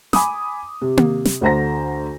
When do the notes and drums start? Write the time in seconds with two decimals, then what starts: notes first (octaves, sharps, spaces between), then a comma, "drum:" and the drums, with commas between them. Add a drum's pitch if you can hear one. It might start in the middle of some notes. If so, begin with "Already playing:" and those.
0.13 G#5 B5 D6 D#6, drum: snare
0.82 C3
0.97 drum: tom A#3
1.25 drum: snare
1.41 D2 D3 C5 A#5 A#6